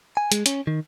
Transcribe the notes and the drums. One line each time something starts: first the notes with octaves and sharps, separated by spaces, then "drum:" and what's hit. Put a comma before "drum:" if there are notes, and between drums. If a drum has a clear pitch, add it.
G#5
G#3, drum: hi-hat
C#4, drum: hi-hat
D#3